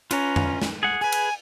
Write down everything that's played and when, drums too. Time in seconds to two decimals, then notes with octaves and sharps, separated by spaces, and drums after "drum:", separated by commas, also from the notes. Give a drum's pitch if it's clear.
0.11 C#4 F4 B4 A#5, drum: cymbal
0.36 drum: tom F2
0.62 drum: snare
0.83 G#4 F#5
1.01 G#4 B4 G#5
1.12 drum: cymbal